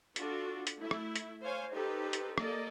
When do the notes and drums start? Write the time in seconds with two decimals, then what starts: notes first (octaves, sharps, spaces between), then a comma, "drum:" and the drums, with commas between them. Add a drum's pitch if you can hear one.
0.16 D4 F4 F#4 A4, drum: hi-hat
0.67 drum: hi-hat
0.77 A3 E4
0.91 drum: rim click
1.16 drum: hi-hat
1.42 C5 C#5 F5 G#5
1.72 D#4 G4 A4 B4 C5
2.13 drum: hi-hat
2.38 A#3 A4 D5 D#5, drum: rim click